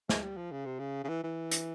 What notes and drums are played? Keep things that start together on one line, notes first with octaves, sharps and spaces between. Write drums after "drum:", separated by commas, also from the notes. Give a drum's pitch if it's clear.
G#3, drum: snare
G3
F3
C#3
C3
C#3
C#3
E3
E3
drum: hi-hat